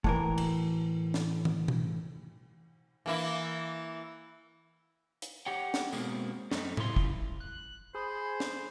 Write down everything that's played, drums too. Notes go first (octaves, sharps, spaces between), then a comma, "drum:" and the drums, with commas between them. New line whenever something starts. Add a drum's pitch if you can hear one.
A2 E3 A#4, drum: kick
drum: cymbal
drum: snare
drum: tom
drum: tom B2
E3 A#3 E4
drum: hi-hat
G4 C#5 F#5 G5
drum: snare
B2 G#3 A#3 C4, drum: tambourine
F#2 A3 C4 C#4 D#4, drum: snare
C#3 G3 E4 F4 D5 C6, drum: tom A2
drum: kick
F#6
G#4 C5 B5
drum: snare